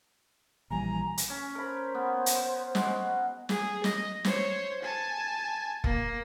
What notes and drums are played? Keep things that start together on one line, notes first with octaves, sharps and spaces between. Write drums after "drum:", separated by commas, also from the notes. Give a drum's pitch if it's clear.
A#1 E3 G3 G#5 A#5
drum: hi-hat
C#4
A#4 C5 B5
B3
drum: hi-hat
G#3 F#4, drum: snare
G#4, drum: snare
D#5, drum: snare
C5 C#5, drum: snare
G#5 A5
A#3, drum: kick F1